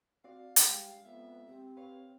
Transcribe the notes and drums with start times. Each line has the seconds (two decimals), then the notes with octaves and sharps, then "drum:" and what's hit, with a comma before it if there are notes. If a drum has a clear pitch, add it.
0.24 C4 F#4 D5 F5
0.56 drum: hi-hat
0.66 G2 G#3 G5
1.05 F2 B3 E5
1.47 C3 C4
1.77 B4 C#5 F5